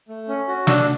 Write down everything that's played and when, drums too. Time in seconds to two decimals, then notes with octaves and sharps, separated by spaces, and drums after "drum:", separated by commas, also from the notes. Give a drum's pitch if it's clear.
0.09 A3
0.28 C#4
0.48 F#4
0.67 D4 E6, drum: snare